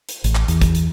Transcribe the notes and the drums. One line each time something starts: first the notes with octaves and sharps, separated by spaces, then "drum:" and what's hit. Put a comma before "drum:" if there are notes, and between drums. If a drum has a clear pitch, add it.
drum: hi-hat
A1, drum: hi-hat
drum: clap
E2, drum: hi-hat
drum: kick, hi-hat
drum: hi-hat